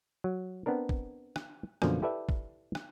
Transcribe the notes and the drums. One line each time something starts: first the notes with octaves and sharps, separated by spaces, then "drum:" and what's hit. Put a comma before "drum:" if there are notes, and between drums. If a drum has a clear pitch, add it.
F#3
B3 C4 D4 A#4
drum: kick
drum: rim click
F#2 B2 D3 F3 A#3, drum: rim click
E4 G4 A4 B4 D5 E5
drum: kick
drum: rim click